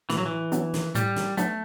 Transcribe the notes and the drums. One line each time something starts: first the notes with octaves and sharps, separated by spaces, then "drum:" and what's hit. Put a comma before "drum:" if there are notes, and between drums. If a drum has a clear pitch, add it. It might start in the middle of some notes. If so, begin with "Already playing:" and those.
A2 E3, drum: snare
F#3
E3
F#3 B3 D4, drum: hi-hat
drum: snare
A2 G3, drum: hi-hat
drum: snare
F#3 A3 B3 D4, drum: hi-hat